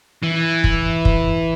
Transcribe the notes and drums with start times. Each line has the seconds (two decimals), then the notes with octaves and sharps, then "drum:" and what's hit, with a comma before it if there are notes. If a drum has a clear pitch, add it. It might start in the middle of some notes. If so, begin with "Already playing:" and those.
0.23 E3
0.64 drum: kick
1.05 drum: kick